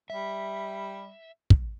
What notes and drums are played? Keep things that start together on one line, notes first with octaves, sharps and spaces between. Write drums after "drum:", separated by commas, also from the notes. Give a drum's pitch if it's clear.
G3 E5
drum: kick